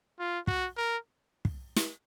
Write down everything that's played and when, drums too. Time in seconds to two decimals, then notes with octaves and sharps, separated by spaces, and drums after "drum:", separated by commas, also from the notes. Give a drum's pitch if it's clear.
0.19 F4
0.47 F#4, drum: kick
0.77 A#4
1.45 drum: kick
1.76 drum: snare